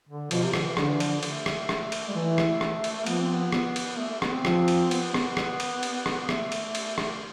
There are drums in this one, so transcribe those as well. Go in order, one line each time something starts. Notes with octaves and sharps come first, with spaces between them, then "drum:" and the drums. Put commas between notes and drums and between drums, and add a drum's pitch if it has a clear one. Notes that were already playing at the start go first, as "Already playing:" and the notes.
D3
B2 F3, drum: cymbal
C3
D3, drum: rim click
E3
D3 F3, drum: rim click
E3
F3, drum: cymbal
A3, drum: cymbal
drum: rim click
drum: rim click
drum: cymbal
G3
E3 A3
drum: rim click
drum: rim click
drum: cymbal
F3 B3, drum: cymbal
C4
B3
B3, drum: rim click
drum: cymbal
A3
A3
B3, drum: rim click
C4
F3, drum: rim click
drum: cymbal
B3, drum: cymbal
B3, drum: rim click
drum: rim click
drum: cymbal
drum: cymbal
drum: rim click
A3, drum: rim click
drum: cymbal
drum: cymbal
drum: rim click